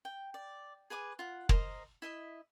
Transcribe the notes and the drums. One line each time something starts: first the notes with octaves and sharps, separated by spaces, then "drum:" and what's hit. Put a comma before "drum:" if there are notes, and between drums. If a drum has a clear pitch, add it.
G5
D5
G#4 B4 G#5 D6
F4 F#5
A#4 C5 D#5 A#5, drum: kick
E4 D#5 E5